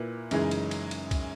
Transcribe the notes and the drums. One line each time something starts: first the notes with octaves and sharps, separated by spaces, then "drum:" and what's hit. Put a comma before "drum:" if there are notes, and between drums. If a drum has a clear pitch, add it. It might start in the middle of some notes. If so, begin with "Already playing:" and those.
Already playing: A#2 A#3 E4 B4
F#2 C#3 E3 G#3 D#4, drum: cymbal
drum: cymbal
drum: cymbal
drum: cymbal
drum: kick C2, cymbal